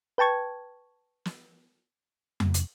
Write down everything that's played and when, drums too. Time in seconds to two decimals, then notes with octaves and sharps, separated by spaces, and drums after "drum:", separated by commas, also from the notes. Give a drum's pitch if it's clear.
0.18 B4 G5 A5 C#6 G#6
1.25 drum: snare
2.40 drum: tom F2
2.54 drum: hi-hat